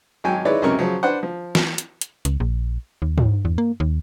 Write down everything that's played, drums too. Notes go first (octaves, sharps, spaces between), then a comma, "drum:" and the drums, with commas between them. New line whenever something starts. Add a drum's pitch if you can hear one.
G#1 F#3 G5 G#5
G#3 D#4 E4 B4 C#5 D5
C#2 F#2 C3 C#4 A#4 C#6
C#3 F3 F#3
D4 B4 C5 F#5
F3
drum: snare
drum: hi-hat
drum: hi-hat
C#2, drum: hi-hat
A#1
D#2
drum: tom
E2
A#3
D#2